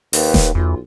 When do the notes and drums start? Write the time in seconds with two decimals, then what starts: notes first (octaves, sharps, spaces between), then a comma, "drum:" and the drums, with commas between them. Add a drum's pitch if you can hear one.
0.13 D#2 B4, drum: open hi-hat
0.34 drum: snare D#1
0.55 B1 E2 F4